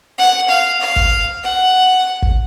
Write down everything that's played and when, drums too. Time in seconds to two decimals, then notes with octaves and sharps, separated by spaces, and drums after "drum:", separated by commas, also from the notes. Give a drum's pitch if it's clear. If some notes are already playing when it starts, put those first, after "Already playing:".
0.18 F#5
0.49 F5
0.81 F5
0.96 drum: kick
1.43 F#5
2.22 drum: kick